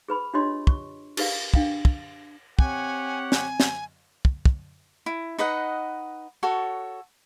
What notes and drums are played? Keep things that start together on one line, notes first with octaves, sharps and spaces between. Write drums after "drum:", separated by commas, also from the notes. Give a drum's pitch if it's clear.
G#4 B4 B5
D4 F4 G4 C#5 D#5 C6
C#6, drum: kick
G4 G#4 A#4 B4 D5 F5, drum: cymbal
D4 F5 G5, drum: kick
drum: kick
C4 G4 C#5 F#5 G#5, drum: kick
G#5, drum: snare
drum: snare
drum: kick
drum: kick
E4
D#4 B4 D#5 F#5
F#4 A4 C#5